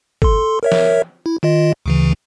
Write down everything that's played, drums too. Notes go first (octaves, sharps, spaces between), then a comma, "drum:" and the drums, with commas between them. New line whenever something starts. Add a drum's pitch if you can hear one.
A4 C6, drum: kick
A#4 C#5 E5
drum: snare
E4
D#3 F4 D#5
D2 C#3 E3